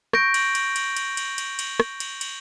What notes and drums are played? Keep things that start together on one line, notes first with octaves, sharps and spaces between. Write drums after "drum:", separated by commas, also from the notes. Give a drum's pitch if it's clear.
C#6 G6 A#6 D7, drum: rim click
drum: cymbal
drum: cymbal
drum: cymbal
drum: cymbal
drum: cymbal
drum: cymbal
drum: cymbal
drum: rim click
drum: cymbal
drum: cymbal